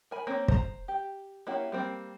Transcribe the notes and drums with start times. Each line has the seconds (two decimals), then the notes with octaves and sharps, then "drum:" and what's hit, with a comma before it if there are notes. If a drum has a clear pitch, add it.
0.11 A#4 G#5 B5
0.27 A#3 C4 C#4
0.48 C5 A#5, drum: kick
0.88 G4
1.47 A#3 C#4 E4 F#4 G4
1.72 G3 A#3 C4